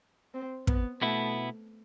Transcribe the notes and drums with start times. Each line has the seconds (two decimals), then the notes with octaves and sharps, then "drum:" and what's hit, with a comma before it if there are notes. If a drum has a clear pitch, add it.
0.34 C4
0.67 B3, drum: kick
1.02 B2 A3 B3 E4